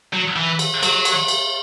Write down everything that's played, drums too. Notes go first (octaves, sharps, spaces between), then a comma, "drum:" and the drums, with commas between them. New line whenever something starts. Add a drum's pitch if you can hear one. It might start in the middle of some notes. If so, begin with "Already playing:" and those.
F#3
E3
drum: cymbal
F#3, drum: cymbal
drum: cymbal
drum: cymbal